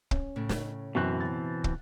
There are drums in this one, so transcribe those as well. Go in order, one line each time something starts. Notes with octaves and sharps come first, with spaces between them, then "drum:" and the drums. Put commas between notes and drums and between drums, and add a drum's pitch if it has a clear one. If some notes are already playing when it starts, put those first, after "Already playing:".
C#4, drum: kick
A2 C#3
drum: snare
F#2 B2 E3 C4 C#6 F#6
A6
drum: kick